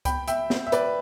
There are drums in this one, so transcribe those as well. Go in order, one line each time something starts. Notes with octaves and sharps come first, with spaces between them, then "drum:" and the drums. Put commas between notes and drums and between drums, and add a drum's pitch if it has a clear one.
G5 B5, drum: kick C#2, hi-hat
E5 G5, drum: hi-hat
drum: snare
E5
B4 D5, drum: hi-hat